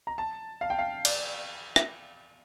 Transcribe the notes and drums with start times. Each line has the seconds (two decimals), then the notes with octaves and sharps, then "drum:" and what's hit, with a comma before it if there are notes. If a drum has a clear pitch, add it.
0.07 A#5
0.18 A5
0.61 F5
0.70 G5
0.79 F5
1.05 D5, drum: cymbal
1.76 drum: rim click